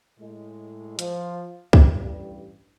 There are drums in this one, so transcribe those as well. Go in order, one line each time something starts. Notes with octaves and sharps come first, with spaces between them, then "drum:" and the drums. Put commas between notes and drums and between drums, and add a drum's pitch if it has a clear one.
A2 G#3
F3, drum: hi-hat
A1 G2, drum: kick C2